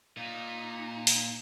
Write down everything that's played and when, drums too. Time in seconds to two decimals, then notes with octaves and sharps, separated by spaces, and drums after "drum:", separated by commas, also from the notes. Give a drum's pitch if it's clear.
0.17 A#2 D#4
1.07 drum: open hi-hat